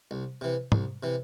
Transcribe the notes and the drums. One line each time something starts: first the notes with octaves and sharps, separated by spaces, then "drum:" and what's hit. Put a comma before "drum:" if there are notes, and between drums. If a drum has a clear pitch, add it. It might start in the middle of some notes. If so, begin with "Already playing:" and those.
C2
C3 E3
C2, drum: tom
C3 E3